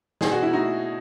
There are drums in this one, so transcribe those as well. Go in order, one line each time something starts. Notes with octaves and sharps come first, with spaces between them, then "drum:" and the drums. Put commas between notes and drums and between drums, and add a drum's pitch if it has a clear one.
B2 G#4, drum: snare
F#4
E4
A3 D#4 F#4